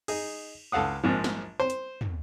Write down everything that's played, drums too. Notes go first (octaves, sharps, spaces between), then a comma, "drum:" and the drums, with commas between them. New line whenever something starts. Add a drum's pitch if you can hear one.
D#4 G#4, drum: cymbal
C#2 A4 F5 F#5 D#6
A#1 G#2 F3
drum: snare
C5
drum: hi-hat
drum: tom